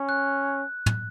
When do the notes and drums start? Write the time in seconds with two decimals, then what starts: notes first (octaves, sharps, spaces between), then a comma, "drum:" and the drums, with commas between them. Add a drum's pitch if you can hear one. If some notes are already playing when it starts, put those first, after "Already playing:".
Already playing: C#4
0.09 F#6
0.86 drum: tom